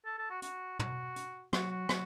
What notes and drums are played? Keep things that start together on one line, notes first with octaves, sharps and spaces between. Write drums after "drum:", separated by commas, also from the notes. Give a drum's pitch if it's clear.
A4
A4
F#4
F#4, drum: hi-hat
F#4, drum: tom
drum: hi-hat
F#3 F#4, drum: rim click
F#4
F#3, drum: rim click